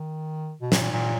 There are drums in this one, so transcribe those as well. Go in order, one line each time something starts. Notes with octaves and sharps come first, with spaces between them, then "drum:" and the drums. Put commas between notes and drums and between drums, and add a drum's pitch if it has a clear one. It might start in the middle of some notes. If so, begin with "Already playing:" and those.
Already playing: D#3
B2
A#2, drum: snare
A#2
A#2